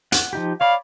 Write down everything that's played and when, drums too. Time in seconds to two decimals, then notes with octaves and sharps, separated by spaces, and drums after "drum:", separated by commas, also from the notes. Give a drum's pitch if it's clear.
0.12 F#5, drum: hi-hat
0.33 F3 D#4 G4
0.61 C#5 D5 F5 B5